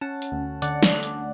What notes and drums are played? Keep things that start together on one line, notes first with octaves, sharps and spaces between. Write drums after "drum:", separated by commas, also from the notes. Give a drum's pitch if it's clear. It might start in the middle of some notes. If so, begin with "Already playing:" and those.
C#4 F#5 A5
drum: hi-hat
D2
D3 D5 F#5, drum: hi-hat
drum: snare
A3
drum: hi-hat